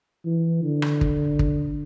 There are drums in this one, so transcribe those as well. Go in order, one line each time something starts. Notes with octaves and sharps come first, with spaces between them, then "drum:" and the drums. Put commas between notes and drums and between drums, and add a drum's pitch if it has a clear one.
E3
D3
drum: rim click
drum: kick
drum: kick